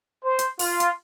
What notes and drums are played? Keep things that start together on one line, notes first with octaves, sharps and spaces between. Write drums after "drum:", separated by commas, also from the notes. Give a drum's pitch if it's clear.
C5
drum: hi-hat
F4, drum: open hi-hat
drum: hi-hat